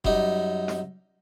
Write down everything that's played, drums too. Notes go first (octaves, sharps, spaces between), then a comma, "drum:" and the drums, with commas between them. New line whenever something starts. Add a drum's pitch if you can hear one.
F#2 G3 D#4, drum: kick F1
drum: snare